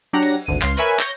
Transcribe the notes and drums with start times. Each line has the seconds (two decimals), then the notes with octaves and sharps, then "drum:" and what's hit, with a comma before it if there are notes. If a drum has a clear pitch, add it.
0.13 F#3 D4 G4 F#5 A#5 A#6
0.23 drum: cymbal
0.46 G#1 D2 D#7
0.62 C#2 F5 C6, drum: clap
0.77 A#4 B4 C#5 E5 G#5 B5
0.99 C#5 G6 A#6, drum: clap